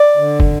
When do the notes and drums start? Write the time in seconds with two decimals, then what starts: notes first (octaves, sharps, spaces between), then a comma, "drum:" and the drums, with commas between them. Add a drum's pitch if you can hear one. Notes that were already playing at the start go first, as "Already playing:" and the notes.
Already playing: D5
0.17 D3
0.40 drum: kick